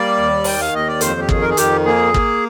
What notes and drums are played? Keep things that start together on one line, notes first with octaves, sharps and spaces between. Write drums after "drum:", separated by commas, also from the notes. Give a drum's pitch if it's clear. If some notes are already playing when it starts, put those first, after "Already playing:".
Already playing: G3 A#3 D5
D#2
D#3 G5, drum: open hi-hat
F5
D#2 D#5
D5
F2 C5, drum: hi-hat
G4
D#3 G#4, drum: kick
A#4
G#4
F2 G4, drum: hi-hat
A#3 G#4
A#3, drum: kick